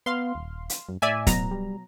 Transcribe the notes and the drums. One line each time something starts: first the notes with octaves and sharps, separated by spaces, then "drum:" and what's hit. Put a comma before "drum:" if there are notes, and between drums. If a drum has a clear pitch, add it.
B3 F5 C6
D#1
drum: hi-hat
F#2
A2 D5 E5 G#5
B2 F#3 A#5, drum: kick C#1, hi-hat
G3